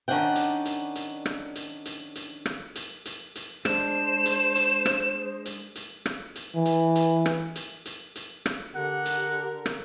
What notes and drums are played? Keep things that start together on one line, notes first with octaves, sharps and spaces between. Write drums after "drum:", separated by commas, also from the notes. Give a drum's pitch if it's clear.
D#3 C#4 D4 D5 F#5 G5
drum: hi-hat
drum: hi-hat
drum: hi-hat
drum: rim click
drum: hi-hat
drum: hi-hat
drum: hi-hat
drum: rim click
drum: hi-hat
drum: hi-hat
drum: hi-hat
G#3 D4 C5 E7, drum: rim click
drum: hi-hat
drum: hi-hat
drum: rim click
drum: hi-hat
drum: hi-hat
drum: rim click
drum: hi-hat
E3
drum: hi-hat
drum: hi-hat
drum: rim click
drum: hi-hat
drum: hi-hat
drum: hi-hat
drum: rim click
D3 G4 A#4 F#5
drum: hi-hat
drum: rim click